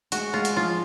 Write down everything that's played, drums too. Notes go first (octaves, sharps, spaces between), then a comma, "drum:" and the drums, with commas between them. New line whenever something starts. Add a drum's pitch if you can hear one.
G#3 F#4, drum: hi-hat
G#3 F4
drum: hi-hat
F3 F4